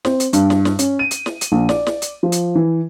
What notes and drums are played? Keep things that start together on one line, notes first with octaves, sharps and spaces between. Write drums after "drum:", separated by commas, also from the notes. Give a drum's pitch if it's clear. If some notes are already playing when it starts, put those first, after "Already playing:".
C4, drum: snare
drum: hi-hat
G2, drum: hi-hat
drum: snare
drum: snare
C#4, drum: hi-hat
D#7
drum: hi-hat
drum: snare
drum: hi-hat
A#1
D5, drum: snare
drum: snare
drum: hi-hat
F3
drum: hi-hat
E3